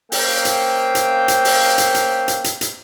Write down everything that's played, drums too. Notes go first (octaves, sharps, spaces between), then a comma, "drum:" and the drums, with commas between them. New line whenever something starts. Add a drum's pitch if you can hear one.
A#3 C#4 C5 E5 F5 G5, drum: open hi-hat
drum: hi-hat
drum: hi-hat
drum: hi-hat
drum: open hi-hat
drum: hi-hat
drum: hi-hat
drum: hi-hat
drum: hi-hat
drum: hi-hat